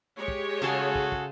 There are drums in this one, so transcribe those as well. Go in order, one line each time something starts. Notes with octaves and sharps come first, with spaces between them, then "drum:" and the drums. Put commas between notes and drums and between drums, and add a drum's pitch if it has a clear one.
G#3 G4 C#5
drum: kick
C#3 F#4 G#4 A4 A5 C6
drum: kick
drum: kick